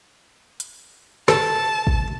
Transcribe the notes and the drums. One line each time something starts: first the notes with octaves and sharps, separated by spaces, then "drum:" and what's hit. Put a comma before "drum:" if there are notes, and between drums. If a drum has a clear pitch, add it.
drum: hi-hat
A4 A5, drum: snare
drum: kick